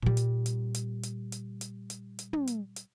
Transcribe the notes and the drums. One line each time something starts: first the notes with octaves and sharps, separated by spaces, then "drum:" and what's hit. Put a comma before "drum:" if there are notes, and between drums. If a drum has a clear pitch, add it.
A#2 G3
drum: hi-hat
drum: hi-hat
drum: hi-hat
drum: hi-hat
drum: hi-hat
drum: hi-hat
drum: hi-hat
drum: hi-hat
drum: tom
drum: hi-hat
drum: hi-hat